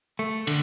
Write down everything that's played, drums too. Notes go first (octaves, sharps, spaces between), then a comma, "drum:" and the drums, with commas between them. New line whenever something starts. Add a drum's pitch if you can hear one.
A3
D3, drum: cymbal